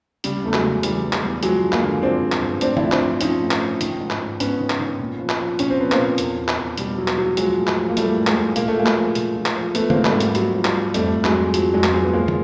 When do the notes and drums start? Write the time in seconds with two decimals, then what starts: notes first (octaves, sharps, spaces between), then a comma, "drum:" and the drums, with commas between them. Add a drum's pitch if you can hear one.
0.24 C#3 G3, drum: hi-hat
0.44 E2 A3
0.53 F#3 G#3, drum: clap
0.63 C#3
0.83 E3 G3, drum: hi-hat
1.04 E3
1.13 G3, drum: clap
1.23 E2
1.43 F3 F#3 G#3, drum: hi-hat
1.62 G2
1.72 G#3 A#3, drum: clap
1.82 D3
2.02 F3 C4 D4
2.22 G2
2.32 drum: clap
2.42 G2
2.61 A2 C4 D4, drum: hi-hat
2.77 F3 D4 E4, drum: tom
2.92 C4 D4, drum: clap
3.02 F3
3.11 D4
3.21 F3 C#4 D#4, drum: hi-hat
3.41 A2
3.51 drum: clap
3.61 F3
3.81 D#3, drum: hi-hat
4.00 G#2
4.10 drum: clap
4.20 G#2
4.40 G#2 B3 C#4, drum: hi-hat
4.60 D#3
4.70 drum: clap
4.80 D#3
4.99 A#2
5.19 F3
5.29 drum: clap
5.39 F3
5.59 A#2 C#4, drum: hi-hat
5.70 C4
5.79 F3 B3
5.92 A#3 C4, drum: clap
5.99 A#2
6.18 E2, drum: hi-hat
6.39 E2
6.48 drum: clap
6.58 E2
6.78 B2 G3, drum: hi-hat
6.98 E2 F#3
7.08 drum: clap
7.17 E2 F#3
7.37 F3 F#3 G#3, drum: hi-hat
7.58 A2
7.67 drum: clap
7.78 F3
7.90 A#3
7.97 F3 G3 A3, drum: hi-hat
8.17 A2
8.27 G#3 A#3, drum: clap
8.37 A2
8.56 A#2 A#3, drum: hi-hat
8.68 A3
8.76 F3 G#3 A#3
8.86 drum: clap
8.96 F3
9.15 A#2, drum: hi-hat
9.36 F3
9.46 drum: clap
9.56 F3
9.75 F3 A3 B3, drum: hi-hat
9.90 A#3 C4, drum: tom
9.96 G#2
10.05 G3 A3, drum: clap
10.15 G#2
10.20 G3, drum: hi-hat
10.35 G#2 F#3, drum: hi-hat
10.55 F3
10.65 G3, drum: clap
10.74 G#2
10.94 F2 G3 A3, drum: hi-hat
11.14 F2
11.24 F#3 G#3, drum: clap
11.34 F2
11.54 F3 F#3, drum: hi-hat
11.73 F2 F#3 G#3
11.84 drum: clap
11.93 F3 F#3 G#3
12.04 B3
12.13 F3 G#3 A#3
12.28 drum: tom